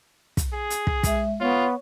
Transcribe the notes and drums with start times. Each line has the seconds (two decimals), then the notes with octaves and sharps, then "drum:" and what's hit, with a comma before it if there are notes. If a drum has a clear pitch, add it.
0.37 drum: kick, hi-hat
0.53 G#4
0.70 drum: hi-hat
0.87 drum: kick
1.03 G#3 E5, drum: kick, hi-hat
1.41 B3 F4 C#5 C#6